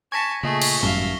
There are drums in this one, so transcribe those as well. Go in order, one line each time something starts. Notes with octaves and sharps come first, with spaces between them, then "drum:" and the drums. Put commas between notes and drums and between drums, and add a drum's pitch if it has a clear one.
G#5 A5 C#6 G#6 A#6 B6 C#7 D#7
A#2 C#3 A3 G#4 D#5
drum: cymbal
G#1 F#2 A2 G3 E5 F5 G7